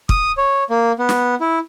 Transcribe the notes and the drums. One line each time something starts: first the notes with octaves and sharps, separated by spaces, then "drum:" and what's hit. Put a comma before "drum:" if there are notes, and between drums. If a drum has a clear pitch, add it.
D#6, drum: kick
C#5
A#3
B3
drum: snare
E4